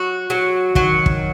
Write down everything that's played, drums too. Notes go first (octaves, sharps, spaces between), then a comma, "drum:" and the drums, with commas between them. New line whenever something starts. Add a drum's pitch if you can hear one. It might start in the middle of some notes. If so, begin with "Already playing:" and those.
Already playing: F#3 F#4
F#3
D#3 F#3, drum: kick
drum: kick